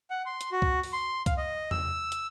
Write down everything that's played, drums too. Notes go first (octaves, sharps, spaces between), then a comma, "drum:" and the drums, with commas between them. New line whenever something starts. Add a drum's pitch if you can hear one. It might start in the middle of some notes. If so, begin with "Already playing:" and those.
F#5
C6
drum: hi-hat
F#4
drum: kick C#2
drum: open hi-hat
C6
F5, drum: kick C#2, hi-hat
D#5
E6, drum: tom E2
drum: hi-hat